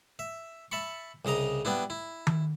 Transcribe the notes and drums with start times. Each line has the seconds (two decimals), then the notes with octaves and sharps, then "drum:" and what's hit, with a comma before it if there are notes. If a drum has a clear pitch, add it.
0.19 E5
0.72 E5 A5 B5 C#6
1.25 C2 C#3 D#5 A#5 D#6
1.65 G3 B3 D4 E4
1.90 E4
2.27 drum: tom D#3